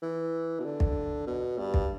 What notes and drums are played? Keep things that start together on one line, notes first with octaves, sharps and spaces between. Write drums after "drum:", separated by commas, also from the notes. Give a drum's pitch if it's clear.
E3
B2
D3
drum: kick
B2
G2
drum: kick